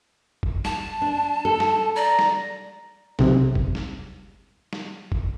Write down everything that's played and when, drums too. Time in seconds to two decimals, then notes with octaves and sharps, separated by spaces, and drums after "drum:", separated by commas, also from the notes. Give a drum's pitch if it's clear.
0.43 drum: kick
0.65 A5, drum: snare
1.02 D4
1.45 A4
1.60 drum: snare
1.96 D5 A#5
2.19 drum: snare
3.19 B1 C3, drum: snare
3.55 drum: kick
3.75 drum: snare
4.73 drum: snare
5.12 drum: kick